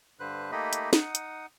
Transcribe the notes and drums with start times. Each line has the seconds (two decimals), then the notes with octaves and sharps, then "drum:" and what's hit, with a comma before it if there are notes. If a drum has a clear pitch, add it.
0.20 G2 D3 B4 C5 F#6
0.52 A3 A#3 D#4 G4 D#5 B5
0.73 drum: hi-hat
0.93 D#4 F#5 D#6, drum: snare
1.15 drum: hi-hat